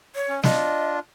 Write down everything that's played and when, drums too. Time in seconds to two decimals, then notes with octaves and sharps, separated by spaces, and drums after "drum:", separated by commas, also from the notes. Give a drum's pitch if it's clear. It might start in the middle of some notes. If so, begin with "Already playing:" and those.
0.15 C#5
0.29 C#4
0.43 D4 F4 D#5, drum: snare